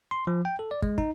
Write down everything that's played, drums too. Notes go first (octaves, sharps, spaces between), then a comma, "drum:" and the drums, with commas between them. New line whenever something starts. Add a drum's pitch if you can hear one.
C6
F3
G5
A4
D5
G#3, drum: kick
D#4, drum: kick